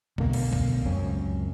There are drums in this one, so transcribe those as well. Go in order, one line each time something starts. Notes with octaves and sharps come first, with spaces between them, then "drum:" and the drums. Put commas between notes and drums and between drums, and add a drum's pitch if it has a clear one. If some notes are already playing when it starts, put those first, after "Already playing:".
B2 D3 A3 A#3, drum: kick B1
drum: cymbal
drum: kick B1
C#2 F#2 C4 C#4